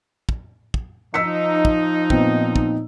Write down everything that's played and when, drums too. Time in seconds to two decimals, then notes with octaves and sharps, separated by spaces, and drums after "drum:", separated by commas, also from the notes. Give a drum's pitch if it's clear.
0.29 drum: kick
0.74 drum: kick
1.14 F3 D#4 E6 B6 C#7
1.65 drum: kick
2.10 A#2 B3 C4, drum: kick
2.56 drum: kick